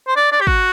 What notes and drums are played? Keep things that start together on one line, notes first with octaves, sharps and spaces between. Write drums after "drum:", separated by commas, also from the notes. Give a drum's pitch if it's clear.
C5
D5
D5
G4
F#4, drum: kick